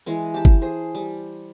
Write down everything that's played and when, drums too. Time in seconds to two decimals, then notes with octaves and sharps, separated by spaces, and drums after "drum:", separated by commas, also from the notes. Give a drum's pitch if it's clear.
0.06 E3 G#3 G#5
0.34 G4 A5
0.45 drum: kick
0.62 G#4 C5
0.95 G3